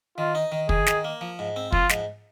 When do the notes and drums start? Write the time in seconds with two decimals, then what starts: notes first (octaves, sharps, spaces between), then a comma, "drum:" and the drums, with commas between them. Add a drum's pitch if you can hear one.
0.18 D#3 F4
0.35 D#4
0.52 D#3
0.69 D#3 G#4, drum: kick
0.87 D#3, drum: snare
1.05 A#3
1.21 F3
1.39 G#2
1.56 C4
1.72 F3 F4, drum: kick
1.90 G#2, drum: snare